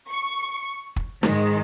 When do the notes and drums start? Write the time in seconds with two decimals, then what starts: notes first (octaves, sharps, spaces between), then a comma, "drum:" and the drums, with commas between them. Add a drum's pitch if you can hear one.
0.10 C#6
0.96 drum: kick
1.23 G#2 D#3 G#3, drum: snare